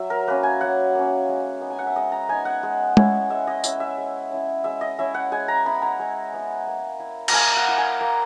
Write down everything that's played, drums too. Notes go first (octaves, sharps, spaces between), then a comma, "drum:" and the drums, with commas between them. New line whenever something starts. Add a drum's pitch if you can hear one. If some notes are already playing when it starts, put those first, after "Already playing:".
Already playing: F#3 E5
A#4
A#3 C#4 B4
G#5
F#3 F#5
A#3 C#4
G#3
B3 D#4
G#5
F#5
E5
G#3 D#5
A#5
B3 D#4 G#5
F#5
G#3
C#4 E4, drum: tom G#3
G#3 E5
D#5
C#4 E4 E5, drum: tambourine
E5
G#3
C#4 E4
G#3 E5
D#5
C#4 E4 E5
F#5
G#3 G#5
A#5
B3 E4 B5
A#5
G#3
B3 E4
A#3
E4
A#5, drum: cymbal
A#3 G#5
F#5
E4
G#5
A#3 A#5